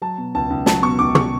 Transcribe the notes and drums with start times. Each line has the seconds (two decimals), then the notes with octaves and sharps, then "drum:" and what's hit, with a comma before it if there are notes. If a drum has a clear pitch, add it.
0.02 F#3 A5
0.18 B2
0.35 C#2 A5
0.50 C#2
0.66 F#3 A5, drum: snare
0.82 B2 C#6
0.99 C#2 D6
1.15 C#6, drum: tom